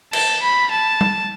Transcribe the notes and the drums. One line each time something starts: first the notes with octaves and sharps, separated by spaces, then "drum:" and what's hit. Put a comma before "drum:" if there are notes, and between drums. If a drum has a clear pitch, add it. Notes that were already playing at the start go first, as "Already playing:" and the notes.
A5, drum: cymbal
B5
A5
drum: tom G3